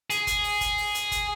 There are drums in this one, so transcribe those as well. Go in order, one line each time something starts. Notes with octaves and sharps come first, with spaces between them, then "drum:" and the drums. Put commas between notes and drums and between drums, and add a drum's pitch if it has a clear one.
G#4, drum: hi-hat
drum: kick, hi-hat
drum: open hi-hat
drum: kick, hi-hat
drum: open hi-hat
drum: hi-hat
drum: kick, hi-hat